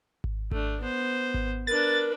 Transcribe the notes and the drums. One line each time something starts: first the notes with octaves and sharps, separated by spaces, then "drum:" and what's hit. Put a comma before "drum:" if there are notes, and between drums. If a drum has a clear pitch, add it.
drum: kick G#1
A3 D4, drum: kick G#1
B3 C5
drum: kick G#1
D4 A#4 B4 A6